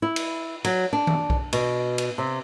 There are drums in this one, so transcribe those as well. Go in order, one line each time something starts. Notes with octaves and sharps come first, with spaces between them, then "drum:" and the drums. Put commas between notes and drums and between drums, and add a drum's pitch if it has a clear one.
E4
drum: cymbal
F#3, drum: cymbal
D4
drum: tom D#3
drum: kick B1
B2, drum: cymbal
drum: cymbal
C3